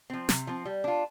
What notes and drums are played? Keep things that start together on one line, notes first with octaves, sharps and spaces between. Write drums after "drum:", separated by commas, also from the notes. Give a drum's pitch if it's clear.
F3 C4
C3, drum: snare
F3 C4
G3
D4 F4